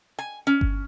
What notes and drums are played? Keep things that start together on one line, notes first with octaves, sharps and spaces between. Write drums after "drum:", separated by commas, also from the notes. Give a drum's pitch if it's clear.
G#5
C#4
drum: kick G1